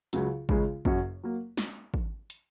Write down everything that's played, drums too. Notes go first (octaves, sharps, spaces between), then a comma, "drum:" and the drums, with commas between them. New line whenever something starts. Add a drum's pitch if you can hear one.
C#2 C#3 F#3, drum: hi-hat
C#2 C#3 G#3 C#4, drum: kick
F#1 F#2 F#3 C#4 F#4, drum: kick
F#3 A#3
drum: snare
drum: kick
drum: hi-hat